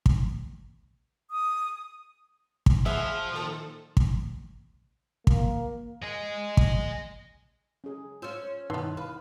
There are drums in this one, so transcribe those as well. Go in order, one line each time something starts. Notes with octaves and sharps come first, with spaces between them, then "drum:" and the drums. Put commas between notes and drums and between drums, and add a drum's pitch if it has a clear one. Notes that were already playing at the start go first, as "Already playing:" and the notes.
drum: kick
D#6
drum: kick
F3 G#4 E5 F#5 B5
A#2 D#3 A4
drum: kick
A#3, drum: kick
D#5 G#5
drum: kick
C#4 G#4
C#4 F4 C5 E6
G2 B2 D#3 E3 B3 D#4 A5 C6
B4 F5